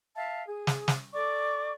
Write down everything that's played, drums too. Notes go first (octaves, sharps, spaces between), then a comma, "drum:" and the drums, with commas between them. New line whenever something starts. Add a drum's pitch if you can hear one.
E5 F5 A5
G#4
drum: snare
drum: snare
A4 D5 C#6 D6